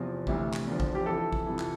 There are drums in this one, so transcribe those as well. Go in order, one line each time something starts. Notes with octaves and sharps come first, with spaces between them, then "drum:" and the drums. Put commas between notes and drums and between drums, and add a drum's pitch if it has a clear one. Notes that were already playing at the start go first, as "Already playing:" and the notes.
Already playing: E2 C3 F3
D2 C3 E3, drum: kick A1
drum: clap
E2 D3 F3
drum: kick A1
G4
F2 E3 A4
drum: kick A1
F2 C3 E3
drum: clap